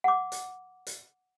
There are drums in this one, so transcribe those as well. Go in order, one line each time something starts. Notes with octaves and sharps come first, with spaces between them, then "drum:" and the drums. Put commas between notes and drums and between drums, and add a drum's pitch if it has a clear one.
F#5 D6
drum: hi-hat
drum: hi-hat